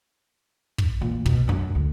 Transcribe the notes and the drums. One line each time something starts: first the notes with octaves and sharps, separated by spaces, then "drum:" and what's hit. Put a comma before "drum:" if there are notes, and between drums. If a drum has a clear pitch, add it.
drum: kick
E2 A#2
B2, drum: kick
F#2 D4
D2